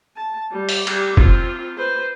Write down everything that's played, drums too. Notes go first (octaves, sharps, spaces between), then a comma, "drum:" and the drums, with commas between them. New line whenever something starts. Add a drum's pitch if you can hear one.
A5
G3
drum: open hi-hat
G3 G4, drum: cymbal
C4 F4, drum: kick
B4 C5